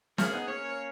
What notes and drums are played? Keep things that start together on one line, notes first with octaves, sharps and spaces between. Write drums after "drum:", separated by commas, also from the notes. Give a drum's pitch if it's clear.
A#3 C#4 G#4, drum: snare
B3 D#4
A#3 C#4 C#5